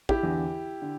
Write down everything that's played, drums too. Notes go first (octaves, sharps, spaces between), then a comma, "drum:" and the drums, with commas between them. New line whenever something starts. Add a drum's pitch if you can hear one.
E4 G4, drum: kick
E2 D3
D3